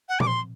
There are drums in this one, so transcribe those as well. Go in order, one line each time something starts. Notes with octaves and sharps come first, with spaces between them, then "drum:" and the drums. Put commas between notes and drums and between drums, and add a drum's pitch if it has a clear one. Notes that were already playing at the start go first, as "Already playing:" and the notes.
F#5
D6, drum: tom A#2
C6